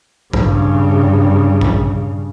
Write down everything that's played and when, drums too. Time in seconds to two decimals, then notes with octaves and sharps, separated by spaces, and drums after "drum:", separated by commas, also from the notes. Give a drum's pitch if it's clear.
0.33 G2 C#3, drum: kick
1.61 drum: kick